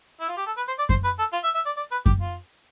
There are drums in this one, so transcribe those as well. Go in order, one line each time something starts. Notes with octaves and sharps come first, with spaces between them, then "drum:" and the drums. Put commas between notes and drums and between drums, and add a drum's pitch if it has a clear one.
E4
F4
G4
A4
B4
C5
D5
C5, drum: kick F#2
B4
A4
F4
E5
E5
D5
D5
B4
G4, drum: kick F#2
F4